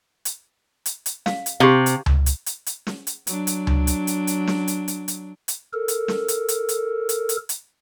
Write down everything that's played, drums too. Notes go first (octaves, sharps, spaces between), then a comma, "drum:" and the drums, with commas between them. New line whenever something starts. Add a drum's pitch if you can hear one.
drum: hi-hat
drum: hi-hat
drum: hi-hat
F5, drum: snare
drum: hi-hat
C3 G4 F5
drum: hi-hat
drum: tom C#2
drum: hi-hat
drum: hi-hat
drum: hi-hat
drum: snare
drum: hi-hat
F#3 D4, drum: hi-hat
drum: hi-hat
drum: tom C#2
drum: hi-hat
drum: hi-hat
drum: hi-hat
drum: snare
drum: hi-hat
drum: hi-hat
drum: hi-hat
drum: hi-hat
A4 A#4
drum: hi-hat
drum: snare
drum: hi-hat
drum: hi-hat
drum: hi-hat
drum: hi-hat
drum: hi-hat
drum: hi-hat